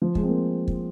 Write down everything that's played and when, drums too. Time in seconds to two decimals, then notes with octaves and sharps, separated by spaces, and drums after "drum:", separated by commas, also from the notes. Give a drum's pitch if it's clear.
0.02 F3
0.15 G#3, drum: kick
0.23 C4
0.29 A#3
0.68 drum: kick